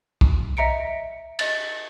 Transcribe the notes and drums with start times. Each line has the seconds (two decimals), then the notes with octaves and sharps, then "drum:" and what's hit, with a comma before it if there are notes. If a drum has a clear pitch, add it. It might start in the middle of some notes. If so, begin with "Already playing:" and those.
0.21 drum: kick B1
0.57 D#5 E5 A#5 C#7 D7
1.39 D#5 A6, drum: cymbal